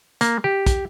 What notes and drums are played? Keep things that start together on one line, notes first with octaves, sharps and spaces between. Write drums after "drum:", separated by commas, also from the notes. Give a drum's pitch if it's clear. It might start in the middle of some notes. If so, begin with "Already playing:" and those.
A#3, drum: hi-hat
G4
drum: kick, hi-hat